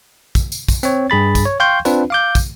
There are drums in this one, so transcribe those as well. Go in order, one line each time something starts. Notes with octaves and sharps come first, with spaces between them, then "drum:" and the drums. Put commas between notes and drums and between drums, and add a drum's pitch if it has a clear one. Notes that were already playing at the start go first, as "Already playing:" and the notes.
drum: kick, tambourine
drum: tambourine
drum: kick, tambourine
C4 C#5, drum: tambourine
G2 G#4 B5 A6
drum: kick, tambourine
C#5
F5 G5 C6 C#6 G6
C4 D4 F4 B4, drum: tambourine
F5 D6 G6
drum: kick, tambourine